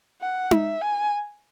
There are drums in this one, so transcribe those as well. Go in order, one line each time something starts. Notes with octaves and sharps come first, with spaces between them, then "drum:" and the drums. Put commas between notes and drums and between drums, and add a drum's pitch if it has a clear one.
F#5
E5, drum: tom D#4
G#5